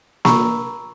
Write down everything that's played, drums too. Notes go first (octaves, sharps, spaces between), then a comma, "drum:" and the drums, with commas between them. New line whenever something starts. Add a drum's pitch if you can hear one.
A#5 B5 C#6 E6, drum: snare A#3